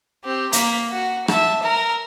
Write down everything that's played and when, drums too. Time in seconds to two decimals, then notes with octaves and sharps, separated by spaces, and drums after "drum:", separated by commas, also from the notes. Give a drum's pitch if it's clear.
0.24 C4 G4
0.53 A#3 B6, drum: hi-hat
0.91 F#4
1.28 E5 A5, drum: rim click
1.63 A#4 A#5